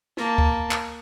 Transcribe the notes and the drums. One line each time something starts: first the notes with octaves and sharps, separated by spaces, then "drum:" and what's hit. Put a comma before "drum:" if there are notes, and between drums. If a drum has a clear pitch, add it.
A#3 A5, drum: snare
drum: kick D2
drum: clap